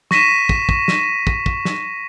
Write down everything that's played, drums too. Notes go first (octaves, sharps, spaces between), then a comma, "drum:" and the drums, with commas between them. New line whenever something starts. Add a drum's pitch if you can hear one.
C#6 A#6 B6 D#7 E7, drum: snare
drum: kick
drum: kick
drum: snare
drum: kick
drum: kick
drum: snare